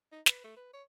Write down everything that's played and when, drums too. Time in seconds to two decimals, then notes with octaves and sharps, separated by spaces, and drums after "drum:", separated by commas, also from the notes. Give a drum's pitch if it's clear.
0.12 D#4
0.26 B4, drum: snare
0.44 A3
0.56 B4
0.73 C#5